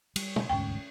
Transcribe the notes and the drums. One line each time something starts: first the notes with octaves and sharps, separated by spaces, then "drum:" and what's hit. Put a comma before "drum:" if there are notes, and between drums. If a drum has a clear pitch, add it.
G3, drum: cymbal
drum: tom
E1 D2 G#2 C#4 G5